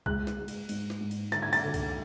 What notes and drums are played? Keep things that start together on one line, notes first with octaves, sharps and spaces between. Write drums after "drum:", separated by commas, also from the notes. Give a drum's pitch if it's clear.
G#3 F#6, drum: kick C2
drum: snare
G#3
drum: cymbal
G#2, drum: cymbal
drum: snare
G#2
drum: cymbal
D3 A6, drum: snare
G#6
A6, drum: cymbal
D3
drum: kick C2, cymbal